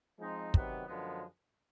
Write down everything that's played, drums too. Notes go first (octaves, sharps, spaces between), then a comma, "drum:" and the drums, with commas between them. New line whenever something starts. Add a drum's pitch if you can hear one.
F3 G#3 C4 D#4
C3 D#3 F#3 B3, drum: kick
F#2 D3 F3 G#3 B3